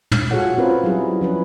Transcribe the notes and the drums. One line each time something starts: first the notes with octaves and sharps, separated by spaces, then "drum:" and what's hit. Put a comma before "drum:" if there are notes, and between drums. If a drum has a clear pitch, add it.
drum: tom
F4 F#4 G#4 A4 C#5 F#5
C4 C#4 F4 A#4 B4
F#3 G3 E4 G#4
F3 C#4 B4